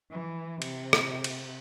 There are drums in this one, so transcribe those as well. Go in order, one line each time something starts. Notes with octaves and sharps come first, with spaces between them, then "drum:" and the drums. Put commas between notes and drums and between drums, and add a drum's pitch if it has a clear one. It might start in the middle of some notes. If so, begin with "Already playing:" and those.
E3
C3, drum: cymbal
drum: rim click
drum: cymbal